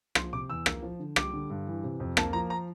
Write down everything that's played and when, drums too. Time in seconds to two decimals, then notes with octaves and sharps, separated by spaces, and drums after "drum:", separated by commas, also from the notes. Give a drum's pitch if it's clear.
0.15 F3 C6, drum: rim click
0.32 C3 D6
0.50 E2 E6
0.66 A#3, drum: rim click
0.83 F3
0.99 D3
1.16 G3 D6, drum: rim click
1.33 D3
1.50 G2
1.67 E3
1.83 C3
2.00 F2
2.17 A#3 A5, drum: rim click
2.33 F3 A#5
2.50 A#5